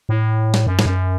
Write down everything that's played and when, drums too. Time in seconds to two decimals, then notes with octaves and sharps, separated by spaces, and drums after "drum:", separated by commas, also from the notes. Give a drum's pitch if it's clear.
0.09 A2
0.54 drum: snare
0.67 F#2
0.79 A2, drum: snare
0.86 F#2